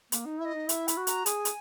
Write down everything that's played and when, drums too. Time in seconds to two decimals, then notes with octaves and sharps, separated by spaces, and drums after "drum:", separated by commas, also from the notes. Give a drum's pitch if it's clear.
0.12 A#3, drum: hi-hat
0.26 D#4
0.40 E4 E5
0.45 D#5
0.54 D#4
0.69 E4 E5, drum: hi-hat
0.88 B5, drum: hi-hat
0.97 F#4
1.07 A#5, drum: hi-hat
1.26 G#4 G#5, drum: hi-hat
1.45 drum: hi-hat